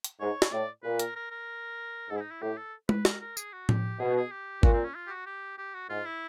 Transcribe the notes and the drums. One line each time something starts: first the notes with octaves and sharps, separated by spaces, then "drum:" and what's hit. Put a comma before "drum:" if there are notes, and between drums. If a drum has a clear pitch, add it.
drum: hi-hat
G#2 C#5
drum: snare
A2 D5
A#2 B4
A#4, drum: hi-hat
A#4
A#4
G#2 A4
E4
D#4
E4
A2 G4
A4
B4, drum: tom G#3
A#4, drum: snare
A#4
G#4, drum: tambourine
F#4
G4, drum: tom A2
B2 G#4
G#4
G4
A#2 F#4, drum: kick G#1
C4
C#4
F4
G4
F#4
G4
G4
F#4
G#2 F4
E4